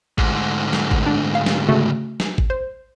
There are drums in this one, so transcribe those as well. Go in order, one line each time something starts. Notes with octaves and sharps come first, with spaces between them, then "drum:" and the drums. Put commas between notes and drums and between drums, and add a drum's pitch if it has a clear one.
D2 G#2, drum: kick G#1
drum: snare
drum: kick G#1
D4
F5
drum: snare
C#3 A3 F#4
drum: snare
drum: kick G#1
C5